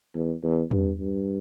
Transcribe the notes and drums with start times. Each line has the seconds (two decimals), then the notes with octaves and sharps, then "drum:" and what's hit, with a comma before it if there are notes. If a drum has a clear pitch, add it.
0.14 E2
0.43 E2
0.71 G2, drum: tom
1.00 G2